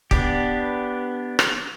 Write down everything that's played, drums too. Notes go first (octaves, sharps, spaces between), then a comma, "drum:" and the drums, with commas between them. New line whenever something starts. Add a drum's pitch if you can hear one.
B3 D4 G4, drum: kick
drum: rim click